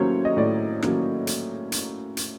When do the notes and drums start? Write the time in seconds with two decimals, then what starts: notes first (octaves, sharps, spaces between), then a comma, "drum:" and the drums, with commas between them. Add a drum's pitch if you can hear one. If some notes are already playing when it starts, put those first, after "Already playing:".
Already playing: A2 F#3 A#3 C#4 C5 C#5
0.25 D#5
0.37 A2 D5
0.82 F#3 A#3 C#4, drum: rim click
1.27 drum: hi-hat
1.72 drum: hi-hat
2.17 drum: hi-hat